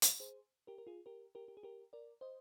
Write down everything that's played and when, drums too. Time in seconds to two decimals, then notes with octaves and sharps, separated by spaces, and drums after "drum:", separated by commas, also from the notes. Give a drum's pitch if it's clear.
0.02 drum: hi-hat
0.20 G#4 C5
0.67 G4 A#4
0.78 A#4
0.87 F4 G#4
1.06 G4 A#4
1.35 G4 A#4
1.48 G4
1.57 G#4
1.63 G4 A#4
1.93 A#4 D5
2.21 C5 D#5